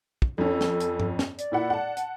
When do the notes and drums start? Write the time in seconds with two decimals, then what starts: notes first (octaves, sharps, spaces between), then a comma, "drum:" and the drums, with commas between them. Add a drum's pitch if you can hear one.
0.22 drum: kick
0.38 F2 C#4 A4
0.61 drum: snare
0.80 drum: hi-hat
1.00 drum: tom G2
1.19 drum: snare
1.38 D5, drum: hi-hat
1.52 A#2 E4 F#5
1.70 F#5 A5
1.97 drum: hi-hat